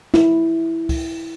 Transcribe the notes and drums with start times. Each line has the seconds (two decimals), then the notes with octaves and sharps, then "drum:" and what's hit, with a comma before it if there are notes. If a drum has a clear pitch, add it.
0.14 E4, drum: snare
0.89 drum: kick C2, open hi-hat